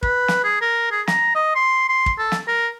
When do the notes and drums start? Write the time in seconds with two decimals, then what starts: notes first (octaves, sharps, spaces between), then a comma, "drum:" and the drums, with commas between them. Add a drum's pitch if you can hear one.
0.03 B4, drum: kick
0.28 drum: snare
0.44 G#4
0.61 A#4
0.91 G#4
1.07 A#5, drum: snare
1.35 D#5
1.55 C6
1.89 C6
2.06 drum: kick
2.18 A4
2.32 drum: snare
2.48 A#4